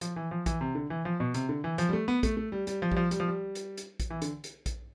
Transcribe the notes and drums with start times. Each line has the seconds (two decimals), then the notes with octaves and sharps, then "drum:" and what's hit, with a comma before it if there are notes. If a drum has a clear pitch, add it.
0.01 F3, drum: hi-hat
0.16 E3
0.31 F3
0.46 E3, drum: kick A#1, hi-hat
0.61 C3
0.75 D3
0.90 E3
1.05 F3
1.20 B2
1.34 C3, drum: hi-hat
1.49 D3
1.64 E3
1.78 F3, drum: hi-hat
1.89 G3
1.93 A3
2.08 B3
2.23 A3, drum: kick A#1, hi-hat
2.37 A3
2.52 G3
2.67 G3, drum: hi-hat
2.82 F3
2.92 G3, drum: kick A#1
2.96 F3
3.11 G3, drum: hi-hat
3.20 F3
3.28 G3
3.55 drum: hi-hat
3.77 drum: hi-hat
4.00 drum: kick A#1, hi-hat
4.10 E3
4.22 D3, drum: hi-hat
4.44 drum: hi-hat
4.66 drum: kick A#1, hi-hat